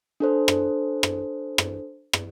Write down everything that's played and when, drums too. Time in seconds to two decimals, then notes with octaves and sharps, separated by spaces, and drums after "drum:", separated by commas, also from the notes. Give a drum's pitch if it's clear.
0.20 D4 A4 C5
0.48 drum: rim click
1.03 drum: rim click
1.58 drum: rim click
2.13 drum: rim click